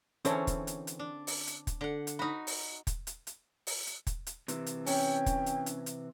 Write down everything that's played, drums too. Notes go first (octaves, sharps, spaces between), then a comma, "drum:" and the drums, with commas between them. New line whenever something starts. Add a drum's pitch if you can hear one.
D3 E3 C4 C#4 A4 C#5, drum: hi-hat
drum: kick, hi-hat
drum: hi-hat
drum: hi-hat
D4
drum: open hi-hat
drum: hi-hat
drum: kick, hi-hat
D3 F#5
drum: hi-hat
D#4 F#4 B5
drum: open hi-hat
drum: kick, hi-hat
drum: hi-hat
drum: hi-hat
drum: open hi-hat
drum: hi-hat
drum: kick, hi-hat
drum: hi-hat
C3 E3, drum: hi-hat
drum: hi-hat
C#4 G5, drum: open hi-hat
drum: kick, hi-hat
drum: hi-hat
drum: hi-hat
drum: hi-hat